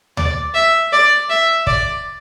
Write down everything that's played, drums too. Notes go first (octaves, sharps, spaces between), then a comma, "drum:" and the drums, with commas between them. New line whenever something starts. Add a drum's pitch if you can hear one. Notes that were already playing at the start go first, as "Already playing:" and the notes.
D5, drum: tom D2
E5
D5
E5
D5, drum: kick